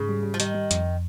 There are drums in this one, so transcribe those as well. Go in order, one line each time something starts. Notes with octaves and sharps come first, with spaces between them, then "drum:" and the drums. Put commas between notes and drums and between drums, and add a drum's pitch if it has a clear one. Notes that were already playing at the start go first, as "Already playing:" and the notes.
Already playing: G#2 C#3
G3
G3
F3
D#3 G3, drum: hi-hat
G3
F2, drum: hi-hat